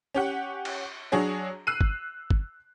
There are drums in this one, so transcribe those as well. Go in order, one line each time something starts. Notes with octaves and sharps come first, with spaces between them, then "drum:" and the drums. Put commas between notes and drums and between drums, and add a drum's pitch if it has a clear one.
C#4 G4 F#5
drum: cymbal
F#3 D4 F#4 G#4 C#5
E6 F#6 C7 D#7
drum: kick G1
drum: kick G1